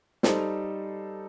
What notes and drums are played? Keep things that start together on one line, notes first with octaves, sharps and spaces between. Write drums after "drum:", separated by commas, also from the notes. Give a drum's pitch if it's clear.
G3 D#4 A4 C5, drum: snare